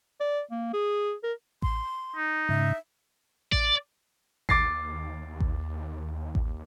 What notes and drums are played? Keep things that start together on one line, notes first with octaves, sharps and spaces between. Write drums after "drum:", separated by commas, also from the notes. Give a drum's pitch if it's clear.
D5
A#3
G#4
A#4
C6, drum: kick A1
D#4
G#2 C#3 E5
D5, drum: kick A1
D#2 D6 A6 C7, drum: kick A1
drum: kick A1
drum: kick A1